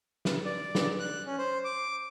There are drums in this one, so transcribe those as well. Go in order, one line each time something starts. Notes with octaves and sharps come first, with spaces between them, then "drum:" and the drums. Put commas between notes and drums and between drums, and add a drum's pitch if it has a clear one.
drum: snare
D5
drum: snare
F#6
C#4
C5
D6